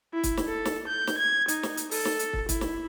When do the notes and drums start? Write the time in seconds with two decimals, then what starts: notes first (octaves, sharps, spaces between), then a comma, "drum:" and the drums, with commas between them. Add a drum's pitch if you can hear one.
0.13 E4
0.23 drum: kick, hi-hat
0.37 drum: snare
0.48 A4
0.65 drum: snare
0.87 G6
1.07 drum: snare
1.18 G#6
1.48 D#4, drum: hi-hat
1.63 drum: snare
1.77 drum: hi-hat
1.91 A4, drum: open hi-hat
2.05 drum: snare
2.19 drum: hi-hat
2.33 drum: kick
2.49 E4, drum: kick, hi-hat
2.61 drum: snare